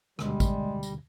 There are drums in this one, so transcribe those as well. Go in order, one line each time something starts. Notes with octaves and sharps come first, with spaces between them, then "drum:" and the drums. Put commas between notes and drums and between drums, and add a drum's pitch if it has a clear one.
D2 B2 D3 G3 G#3, drum: rim click
drum: kick, tambourine
drum: tambourine